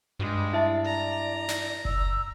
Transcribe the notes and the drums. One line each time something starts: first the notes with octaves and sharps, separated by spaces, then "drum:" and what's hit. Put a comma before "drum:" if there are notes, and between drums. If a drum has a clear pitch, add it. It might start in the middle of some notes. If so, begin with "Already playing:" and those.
G2 G#3
E4 E5 A5
D5 A#5
drum: snare
E6, drum: kick F#1